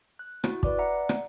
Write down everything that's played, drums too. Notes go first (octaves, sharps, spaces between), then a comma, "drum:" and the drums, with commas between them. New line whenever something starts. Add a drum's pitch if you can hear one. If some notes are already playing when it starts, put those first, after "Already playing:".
F#6
E4 F#4, drum: rim click
B4 D5 D6, drum: kick
D5 E5 F#5 A#5 C#7
drum: rim click